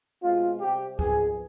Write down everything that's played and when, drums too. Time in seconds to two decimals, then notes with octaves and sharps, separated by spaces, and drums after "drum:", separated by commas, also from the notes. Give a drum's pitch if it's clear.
0.22 B2 G#3 C4 F4
0.60 C3 G3 C4 G4
0.99 F2 D#3 B3 G#4, drum: kick C#2